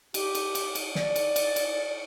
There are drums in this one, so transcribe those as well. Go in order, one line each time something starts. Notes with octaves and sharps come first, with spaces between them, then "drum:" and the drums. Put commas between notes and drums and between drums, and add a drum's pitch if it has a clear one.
G4, drum: cymbal
drum: cymbal
drum: cymbal
drum: cymbal
D5, drum: snare
drum: cymbal
drum: cymbal
drum: cymbal